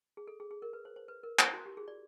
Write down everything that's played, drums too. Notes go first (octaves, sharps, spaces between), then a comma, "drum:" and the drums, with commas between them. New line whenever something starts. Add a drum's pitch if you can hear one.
G#4
A4
G#4
G#4
A#4
B4
C5
C5
B4
A#4
E4, drum: clap
F#4
G4
G#4
D5